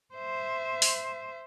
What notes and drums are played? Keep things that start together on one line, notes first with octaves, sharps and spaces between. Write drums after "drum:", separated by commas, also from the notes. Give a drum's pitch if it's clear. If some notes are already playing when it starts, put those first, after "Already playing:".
C5 E5
drum: open hi-hat